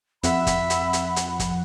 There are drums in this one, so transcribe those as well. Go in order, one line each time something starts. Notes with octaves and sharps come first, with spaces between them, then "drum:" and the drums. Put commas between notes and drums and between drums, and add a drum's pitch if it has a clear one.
F2 E5 F#5 B5, drum: hi-hat
drum: kick G1, hi-hat
drum: hi-hat
drum: hi-hat
drum: hi-hat
drum: kick G1, hi-hat